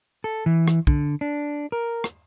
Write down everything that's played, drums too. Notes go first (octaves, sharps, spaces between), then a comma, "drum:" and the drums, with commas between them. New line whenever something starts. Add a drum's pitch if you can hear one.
A4
E3
drum: rim click
D3, drum: kick
D4
A#4
drum: rim click